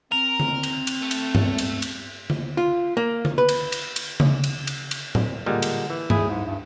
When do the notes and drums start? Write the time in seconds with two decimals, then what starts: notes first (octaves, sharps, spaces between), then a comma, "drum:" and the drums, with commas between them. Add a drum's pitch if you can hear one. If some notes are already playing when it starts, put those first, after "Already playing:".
0.12 C4 A#4 F7
0.40 drum: tom D3
0.63 drum: cymbal
0.87 drum: cymbal
1.02 A3
1.11 drum: cymbal
1.35 drum: tom G2
1.58 drum: cymbal
1.82 drum: cymbal
2.30 drum: tom D3
2.57 F4
2.97 A#3
3.25 drum: tom D3
3.38 B4
3.49 drum: cymbal
3.72 drum: cymbal
3.96 drum: cymbal
4.20 drum: tom C#3
4.44 drum: cymbal
4.67 drum: cymbal
4.91 drum: cymbal
5.15 drum: tom A2
5.46 A#2 D3 G3 G#3
5.62 drum: cymbal
5.90 E3
6.10 E4 G#4, drum: tom G2
6.29 G#2
6.45 G2